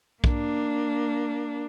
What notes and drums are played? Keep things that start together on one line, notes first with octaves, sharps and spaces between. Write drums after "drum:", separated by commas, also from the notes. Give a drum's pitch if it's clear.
A#3 D4, drum: kick B1